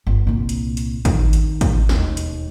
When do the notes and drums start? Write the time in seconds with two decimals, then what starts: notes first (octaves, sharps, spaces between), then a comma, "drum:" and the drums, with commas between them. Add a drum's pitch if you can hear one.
0.07 G1
0.27 C2 A#2
0.49 drum: hi-hat
0.77 drum: hi-hat
1.05 D#3, drum: kick, hi-hat
1.33 drum: hi-hat
1.61 drum: kick, hi-hat
1.89 E1 D#2, drum: snare
2.17 drum: hi-hat